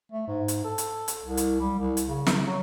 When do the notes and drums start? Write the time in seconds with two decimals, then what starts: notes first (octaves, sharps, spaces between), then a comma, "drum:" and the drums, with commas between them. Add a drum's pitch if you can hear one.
0.12 A3
0.28 G#2
0.48 drum: hi-hat
0.65 A4
0.78 drum: hi-hat
1.08 drum: hi-hat
1.23 C2
1.37 drum: hi-hat
1.60 G3
1.79 C2
1.97 drum: hi-hat
2.09 C#3
2.26 drum: snare
2.47 F#3